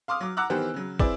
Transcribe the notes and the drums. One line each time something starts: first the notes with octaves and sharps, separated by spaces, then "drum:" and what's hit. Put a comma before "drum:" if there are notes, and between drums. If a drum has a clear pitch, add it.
F5 C6 D6 D#6 F6
F#3 D6
F#5 A#5 D6 E6 F#6
D#3 E3 B3 G4 C5
C#3 F#3
C4 E4 G#4 B4 D5, drum: kick